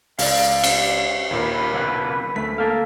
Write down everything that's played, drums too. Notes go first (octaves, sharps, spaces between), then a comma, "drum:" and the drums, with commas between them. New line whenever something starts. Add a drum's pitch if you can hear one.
C#2 D5 F5, drum: open hi-hat
drum: cymbal
D#2 A#2 A#4 B4
B1 C#3 F#5
D2 A3 B6
A#3 A4 F5